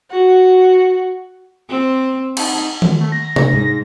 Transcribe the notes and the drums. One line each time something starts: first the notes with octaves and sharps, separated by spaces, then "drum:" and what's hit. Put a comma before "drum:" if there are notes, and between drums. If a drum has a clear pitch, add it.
F#4
C4
D#4, drum: cymbal
drum: tom D#3
A3
A#6
drum: tom C3
G#2